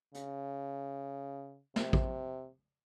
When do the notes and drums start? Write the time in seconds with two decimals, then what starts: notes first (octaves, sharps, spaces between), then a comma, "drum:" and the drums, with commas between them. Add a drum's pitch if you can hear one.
0.15 C#3, drum: hi-hat
1.76 C3, drum: snare
1.93 drum: kick A1